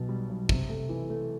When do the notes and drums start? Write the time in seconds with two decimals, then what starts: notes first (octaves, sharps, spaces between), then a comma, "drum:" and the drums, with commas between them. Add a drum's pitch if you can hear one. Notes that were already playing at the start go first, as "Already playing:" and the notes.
Already playing: B1 B2
0.09 G3
0.28 B1
0.49 C3, drum: kick
0.69 A3
0.89 E3
1.10 A3